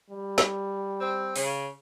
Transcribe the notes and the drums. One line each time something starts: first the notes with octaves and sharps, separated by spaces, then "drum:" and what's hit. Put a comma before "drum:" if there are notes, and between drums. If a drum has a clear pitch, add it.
G3
drum: snare
C4
C#3, drum: open hi-hat